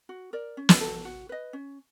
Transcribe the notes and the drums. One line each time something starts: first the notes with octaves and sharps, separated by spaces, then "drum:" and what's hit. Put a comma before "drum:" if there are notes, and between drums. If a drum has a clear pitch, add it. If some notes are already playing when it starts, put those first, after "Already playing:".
F#4
A#4 D5
C#4
drum: snare
F#4 A4
F#4
B4 D#5
C#4